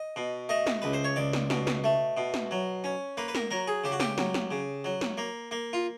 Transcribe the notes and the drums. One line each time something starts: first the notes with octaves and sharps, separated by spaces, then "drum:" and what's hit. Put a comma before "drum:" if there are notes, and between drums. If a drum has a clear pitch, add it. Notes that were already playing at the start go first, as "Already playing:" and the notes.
Already playing: D#5
B2
A3 D#5
drum: snare
C#2 B4
C5
C#5
C#2 D5
drum: snare
B2, drum: snare
drum: snare
A3
B2
drum: snare
F#3
C#4
A#3 B4
B4
A#4, drum: snare
F#3 A#4
G#4
C#3 G4
F#4
G4, drum: snare
F#3, drum: snare
drum: snare
C#3
F#3
drum: snare
A#3
A#3
F4